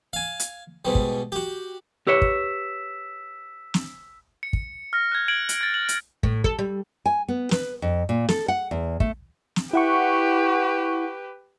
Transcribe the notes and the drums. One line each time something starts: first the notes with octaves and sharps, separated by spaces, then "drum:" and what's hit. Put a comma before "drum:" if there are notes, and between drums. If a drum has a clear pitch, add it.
F5 G#5
drum: hi-hat
G#2 B2 G3
drum: kick
F#4 G4
G4 B4 C#5 E6 B6 E7
drum: kick
drum: snare
C#7
drum: kick
F6 A#6
F#6 G#6
G#6 D7 F#7
drum: hi-hat
G#6 A6
F#7
drum: hi-hat
A2, drum: kick
A4, drum: kick
G3
G#5
B3
B4, drum: snare
F2
A#2
A4, drum: snare
F#5
E2
A3, drum: kick
drum: snare
E4 G4 B4 F#5 C#6